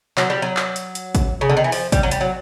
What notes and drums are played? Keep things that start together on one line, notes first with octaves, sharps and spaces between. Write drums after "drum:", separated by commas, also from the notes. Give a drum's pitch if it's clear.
F#3, drum: clap
G3
F#3
drum: clap
drum: hi-hat
drum: hi-hat
drum: kick A1, hi-hat
C#3
D3
D#3
E3
F3, drum: open hi-hat
G3, drum: kick A1, hi-hat
F#3
G3, drum: hi-hat
F#3